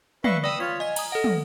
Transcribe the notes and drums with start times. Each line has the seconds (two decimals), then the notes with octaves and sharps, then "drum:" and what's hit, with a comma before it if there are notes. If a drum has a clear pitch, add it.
0.24 B4 D5 E5 F5 C#6 C7, drum: tom
0.44 D5 G5 B5 D#6 E6
0.60 F4 C#5 B6
0.80 D#5 G#5 G#6
0.96 A#5 D#6, drum: cymbal
1.12 A4 D#5 F#5
1.24 drum: tom